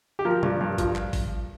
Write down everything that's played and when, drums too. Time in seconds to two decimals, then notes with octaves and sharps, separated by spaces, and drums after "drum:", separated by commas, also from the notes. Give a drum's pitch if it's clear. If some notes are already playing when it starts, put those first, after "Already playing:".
0.19 G4
0.25 F3 A#4
0.43 G2, drum: tom
0.61 G2
0.78 F3, drum: kick G#1, hi-hat
0.96 drum: clap
1.13 drum: kick G#1, open hi-hat